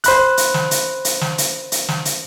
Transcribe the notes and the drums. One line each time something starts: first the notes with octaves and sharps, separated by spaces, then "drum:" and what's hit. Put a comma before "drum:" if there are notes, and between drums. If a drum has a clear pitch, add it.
C5 B5 F#6, drum: hi-hat
drum: hi-hat
drum: snare
drum: hi-hat
drum: hi-hat
drum: snare
drum: hi-hat
drum: hi-hat
drum: snare
drum: hi-hat